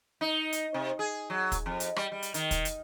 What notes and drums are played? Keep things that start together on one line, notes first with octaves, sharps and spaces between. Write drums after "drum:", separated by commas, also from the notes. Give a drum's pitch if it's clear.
D#4
drum: hi-hat
C3
G#4
F#3
drum: kick, hi-hat
F2
drum: hi-hat
G3, drum: rim click
G3
drum: hi-hat
D#3, drum: hi-hat
drum: kick, hi-hat
drum: hi-hat